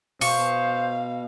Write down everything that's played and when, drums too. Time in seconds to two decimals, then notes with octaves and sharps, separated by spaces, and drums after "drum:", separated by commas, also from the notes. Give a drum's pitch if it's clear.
0.21 B2 C5 F5 C#6, drum: open hi-hat